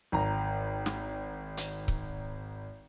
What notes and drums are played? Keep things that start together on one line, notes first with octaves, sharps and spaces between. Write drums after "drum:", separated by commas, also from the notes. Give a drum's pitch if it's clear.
G#1 A#5
drum: snare
drum: hi-hat
drum: kick C#1